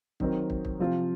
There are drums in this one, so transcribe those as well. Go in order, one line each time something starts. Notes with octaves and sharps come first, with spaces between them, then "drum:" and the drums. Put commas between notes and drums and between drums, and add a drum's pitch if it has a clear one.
D#3 F#3 C4 D#4 A#4, drum: kick
drum: kick
drum: kick
C3 F3 C4 F4 C5